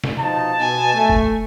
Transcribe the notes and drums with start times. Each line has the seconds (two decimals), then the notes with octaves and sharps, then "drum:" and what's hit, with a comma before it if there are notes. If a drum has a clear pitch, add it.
0.04 drum: snare
0.19 B2 F3 D#4 A5
0.60 B2 G#5
0.93 A3
1.09 drum: kick